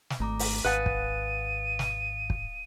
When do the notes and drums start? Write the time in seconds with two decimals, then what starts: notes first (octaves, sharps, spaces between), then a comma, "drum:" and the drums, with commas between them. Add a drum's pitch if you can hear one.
0.10 drum: snare
0.20 G#1 A3 A#5 D6
0.39 drum: open hi-hat
0.64 G#1 B4 F5 F#5 G#5 D#6 A6 D#7
0.86 drum: kick
1.79 drum: snare
2.30 drum: kick